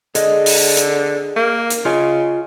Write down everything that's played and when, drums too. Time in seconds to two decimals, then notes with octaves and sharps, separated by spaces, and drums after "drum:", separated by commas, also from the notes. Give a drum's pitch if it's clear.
0.15 D3 G#4 D#5, drum: hi-hat
0.46 drum: open hi-hat
0.77 drum: hi-hat
1.36 A#3
1.70 drum: hi-hat
1.85 C#3 F4 D#5 G#5